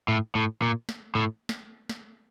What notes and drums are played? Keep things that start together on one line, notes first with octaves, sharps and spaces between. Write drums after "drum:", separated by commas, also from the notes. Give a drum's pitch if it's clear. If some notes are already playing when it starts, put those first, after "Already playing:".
A2
A2
A#2
drum: snare
A2
drum: snare
drum: snare